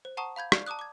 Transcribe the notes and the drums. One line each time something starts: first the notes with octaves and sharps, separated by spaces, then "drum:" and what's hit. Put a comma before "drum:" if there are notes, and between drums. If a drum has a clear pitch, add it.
C5
F#5 A5 A#5 C#6 D#6
F5 B5 G6 G#6
D5 C#6 F6 G6 G#6 C7, drum: rim click
A5 A#5 D6 D#6 F#6
D6 G#6